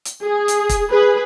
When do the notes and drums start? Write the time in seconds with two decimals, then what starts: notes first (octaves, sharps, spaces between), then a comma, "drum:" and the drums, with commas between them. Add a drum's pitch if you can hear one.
0.05 drum: hi-hat
0.24 G#4
0.48 drum: hi-hat
0.69 drum: kick, hi-hat
0.91 G#4 B4